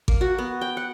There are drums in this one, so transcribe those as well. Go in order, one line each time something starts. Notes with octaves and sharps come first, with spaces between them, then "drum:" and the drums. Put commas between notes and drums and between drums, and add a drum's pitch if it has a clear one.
A#3, drum: kick G#1
F#4
B3
G5
F#5